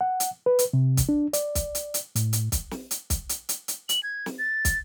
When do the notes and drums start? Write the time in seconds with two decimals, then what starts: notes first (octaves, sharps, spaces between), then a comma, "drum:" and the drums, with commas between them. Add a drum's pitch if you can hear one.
0.01 F#5
0.20 drum: hi-hat
0.46 B4
0.59 drum: hi-hat
0.73 C3
0.97 drum: kick, hi-hat
1.09 D4
1.33 D5, drum: hi-hat
1.55 drum: kick, hi-hat
1.75 drum: hi-hat
1.94 drum: hi-hat
2.16 A2, drum: hi-hat
2.33 drum: hi-hat
2.52 drum: kick, hi-hat
2.71 drum: snare
2.91 drum: hi-hat
3.10 drum: kick, hi-hat
3.29 drum: hi-hat
3.49 drum: hi-hat
3.68 drum: hi-hat
3.89 F#7, drum: hi-hat
4.03 G#6
4.26 drum: snare
4.39 A6
4.65 drum: kick, hi-hat